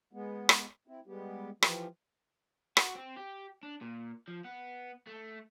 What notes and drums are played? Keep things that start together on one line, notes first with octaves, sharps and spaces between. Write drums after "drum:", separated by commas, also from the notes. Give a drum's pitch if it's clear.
G#3 B3
drum: rim click
C4 E4
G3 G#3 B3 G4
E3 F3 F4 G4, drum: rim click
F#4, drum: rim click
C4
G4
D4
A#2
F3
B3
A3